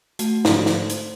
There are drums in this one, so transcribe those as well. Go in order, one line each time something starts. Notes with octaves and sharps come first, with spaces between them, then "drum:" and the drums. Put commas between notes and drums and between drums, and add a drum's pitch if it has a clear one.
A3 F#4, drum: hi-hat
G#2 D3 F3 A4 C5 D5, drum: snare
drum: snare
C5
drum: hi-hat